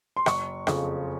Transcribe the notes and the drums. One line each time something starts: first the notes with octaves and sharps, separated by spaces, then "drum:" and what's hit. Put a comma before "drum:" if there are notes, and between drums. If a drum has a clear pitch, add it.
C6
F#1 C#6, drum: rim click
F2 C#3 F3, drum: rim click